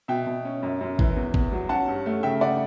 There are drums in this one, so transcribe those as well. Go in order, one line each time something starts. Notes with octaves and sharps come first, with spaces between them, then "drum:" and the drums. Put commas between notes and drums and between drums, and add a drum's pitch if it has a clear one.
B2 E5 G5
B2
C#4
F#2
F#2
E3, drum: kick
E2
E2, drum: kick
F#3
C#4 F#5 A5
G2
A3
C#3 E5 G5
C#3 D5 F#5